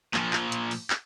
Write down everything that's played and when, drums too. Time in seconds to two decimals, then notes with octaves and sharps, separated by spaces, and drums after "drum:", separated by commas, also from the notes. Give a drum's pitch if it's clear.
0.14 A#2 F3, drum: clap
0.33 drum: clap
0.52 drum: hi-hat
0.71 drum: open hi-hat
0.90 drum: clap